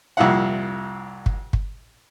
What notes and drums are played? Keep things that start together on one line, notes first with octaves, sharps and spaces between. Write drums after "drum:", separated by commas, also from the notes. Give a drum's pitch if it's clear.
C2 F2 A#2 E4 F5 F#5
drum: kick
drum: kick